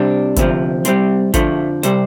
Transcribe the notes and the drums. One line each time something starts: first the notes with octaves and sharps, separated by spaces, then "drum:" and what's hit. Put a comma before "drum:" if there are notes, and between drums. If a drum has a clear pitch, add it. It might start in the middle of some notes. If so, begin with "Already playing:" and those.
Already playing: C2 C3 G3 D4
D2 C3 F3, drum: kick, hi-hat
C2 C3 G3 C4, drum: hi-hat
F2 D3 F3 A3, drum: kick, hi-hat
C3 G3 C5, drum: hi-hat